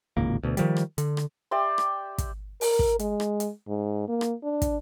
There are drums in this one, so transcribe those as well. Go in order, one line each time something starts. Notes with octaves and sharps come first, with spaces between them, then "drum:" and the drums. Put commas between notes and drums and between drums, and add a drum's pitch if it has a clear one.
D1 G#1 C#2 A#3
D2 B2
D#3 F3 G3, drum: hi-hat
drum: rim click
D3, drum: hi-hat
drum: rim click
G4 D5 E5 C6
drum: rim click
drum: kick, hi-hat
A#4, drum: open hi-hat
drum: kick
G#3, drum: hi-hat
drum: rim click
drum: hi-hat
G#2
A#3
drum: rim click
D4
drum: kick, hi-hat